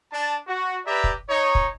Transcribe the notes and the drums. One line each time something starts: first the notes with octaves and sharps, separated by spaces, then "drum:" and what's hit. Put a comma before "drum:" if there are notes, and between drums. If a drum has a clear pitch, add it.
D4 A5
F#4
G4 B4 D5 E5 A#5
drum: kick
D#4 C#5
drum: kick